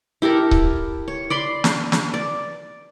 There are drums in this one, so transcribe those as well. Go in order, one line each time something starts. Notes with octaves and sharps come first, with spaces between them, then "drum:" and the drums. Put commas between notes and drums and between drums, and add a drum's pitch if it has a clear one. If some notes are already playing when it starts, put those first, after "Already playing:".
E4 G4 A4 A#4
drum: kick C#1
C#5
D5 B5 C6
drum: snare
drum: snare
D5